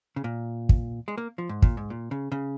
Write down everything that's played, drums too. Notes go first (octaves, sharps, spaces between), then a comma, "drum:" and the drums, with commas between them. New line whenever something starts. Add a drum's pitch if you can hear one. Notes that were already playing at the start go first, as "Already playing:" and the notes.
C#3
A#2
drum: kick
G#3
A#3
F3
G#2
A#2, drum: kick
G#2
A#2
C#3
C#3